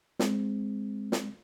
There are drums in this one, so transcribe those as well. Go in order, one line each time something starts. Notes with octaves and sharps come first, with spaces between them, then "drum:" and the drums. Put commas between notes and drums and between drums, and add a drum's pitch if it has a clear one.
G#3 C4, drum: snare
drum: snare